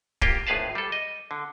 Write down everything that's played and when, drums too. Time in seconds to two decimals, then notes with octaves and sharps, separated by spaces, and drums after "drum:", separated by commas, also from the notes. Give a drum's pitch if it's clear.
0.22 A#3 F4 G4 G5, drum: kick
0.47 G#1 A2 G#4 B4 F5 A5
0.75 G3 A4
0.92 D#5
1.31 D3